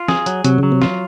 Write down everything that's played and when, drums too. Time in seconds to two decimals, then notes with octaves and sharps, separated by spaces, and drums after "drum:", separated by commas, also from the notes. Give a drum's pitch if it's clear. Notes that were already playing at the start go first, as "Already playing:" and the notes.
Already playing: F4
0.08 G#4, drum: snare
0.26 F#3, drum: hi-hat
0.45 C3 F#3, drum: hi-hat
0.58 C#3 F#3
0.72 C3
0.82 F4, drum: snare